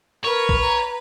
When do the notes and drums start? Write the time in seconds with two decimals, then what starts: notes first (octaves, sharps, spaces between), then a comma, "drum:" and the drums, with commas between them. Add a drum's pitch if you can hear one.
0.24 A#4 B4 C#5
0.49 drum: kick
0.61 A#5